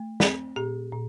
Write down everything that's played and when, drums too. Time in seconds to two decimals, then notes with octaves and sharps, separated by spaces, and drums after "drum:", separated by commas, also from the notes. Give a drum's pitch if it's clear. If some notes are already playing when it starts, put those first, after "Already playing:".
Already playing: A3
0.20 C4, drum: snare
0.56 A#2 G4
0.93 A#2